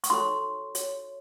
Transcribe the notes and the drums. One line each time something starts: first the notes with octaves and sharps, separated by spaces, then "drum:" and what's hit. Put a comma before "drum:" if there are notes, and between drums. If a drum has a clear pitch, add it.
C#6, drum: hi-hat
D#4 F#4 A4 C#5 C6
F#4 C#5, drum: hi-hat